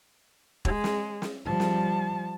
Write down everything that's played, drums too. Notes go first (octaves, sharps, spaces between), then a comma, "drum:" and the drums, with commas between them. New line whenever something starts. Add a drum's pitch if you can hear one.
G#3, drum: kick E1
drum: snare
drum: snare
F3 G3 A5
drum: snare